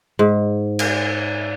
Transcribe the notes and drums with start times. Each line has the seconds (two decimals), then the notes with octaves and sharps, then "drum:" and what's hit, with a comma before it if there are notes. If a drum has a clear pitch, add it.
0.19 G#2
0.79 drum: cymbal